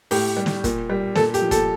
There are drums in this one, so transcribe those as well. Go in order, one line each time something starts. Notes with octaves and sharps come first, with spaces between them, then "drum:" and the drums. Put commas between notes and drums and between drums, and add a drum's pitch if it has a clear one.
A2 G4, drum: open hi-hat
G3
drum: snare
A#2, drum: kick, hi-hat
G3
A#2 A4, drum: snare
G4, drum: hi-hat
F3
A4, drum: kick, hi-hat